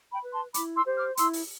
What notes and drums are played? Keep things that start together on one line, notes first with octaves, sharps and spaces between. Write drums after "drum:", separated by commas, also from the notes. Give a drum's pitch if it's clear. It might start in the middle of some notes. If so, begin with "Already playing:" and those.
G5 B5
B4
A5 C6
E4 B5 D6, drum: hi-hat
C6 E6
G4 C5
D6 F6
E4 C6 E6, drum: hi-hat
drum: open hi-hat